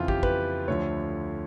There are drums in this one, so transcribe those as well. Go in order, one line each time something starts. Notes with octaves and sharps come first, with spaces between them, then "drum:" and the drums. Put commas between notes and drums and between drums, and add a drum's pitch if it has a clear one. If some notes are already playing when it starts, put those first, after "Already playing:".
Already playing: F2 C#3 E3 F4
G4, drum: kick
B4, drum: kick
D2 D3 F3 C#5